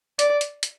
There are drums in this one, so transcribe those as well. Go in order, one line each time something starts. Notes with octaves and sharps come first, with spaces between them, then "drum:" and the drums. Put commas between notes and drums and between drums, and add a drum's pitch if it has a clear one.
D5, drum: hi-hat
drum: hi-hat
drum: hi-hat